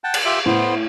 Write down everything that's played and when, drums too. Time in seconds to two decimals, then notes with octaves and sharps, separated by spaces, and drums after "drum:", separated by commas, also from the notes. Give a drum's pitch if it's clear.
0.04 F#5 G5 A5
0.14 drum: cymbal
0.25 F4 G4 E5
0.46 A2 B3 C5